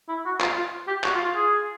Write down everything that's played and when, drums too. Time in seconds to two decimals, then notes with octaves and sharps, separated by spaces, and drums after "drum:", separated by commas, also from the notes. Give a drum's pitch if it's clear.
0.08 E4
0.25 F#4
0.41 F4, drum: clap
0.56 F4
0.87 G4
1.04 F#4, drum: clap
1.15 F4
1.25 F4
1.35 G#4